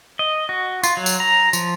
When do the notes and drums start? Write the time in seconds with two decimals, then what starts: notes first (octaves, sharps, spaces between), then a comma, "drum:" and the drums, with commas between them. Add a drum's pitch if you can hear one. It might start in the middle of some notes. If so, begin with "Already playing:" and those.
0.19 D#5
0.49 F#4
0.83 F4, drum: tambourine
0.97 F#3
1.06 drum: tambourine
1.20 A#5
1.53 F3, drum: tambourine